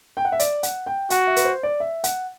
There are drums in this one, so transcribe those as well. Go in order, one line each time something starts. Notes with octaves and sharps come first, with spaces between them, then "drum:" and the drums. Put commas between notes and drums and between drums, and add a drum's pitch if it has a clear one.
G5
F#5
E5
D5, drum: hi-hat
F#5, drum: hi-hat
G5
F#4 F#5, drum: hi-hat
E5
B4, drum: hi-hat
C5
D5
E5
F#5, drum: hi-hat